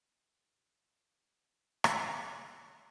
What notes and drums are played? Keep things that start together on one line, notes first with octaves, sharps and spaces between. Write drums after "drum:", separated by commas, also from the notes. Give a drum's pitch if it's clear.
G5
drum: rim click
E5 G5 A5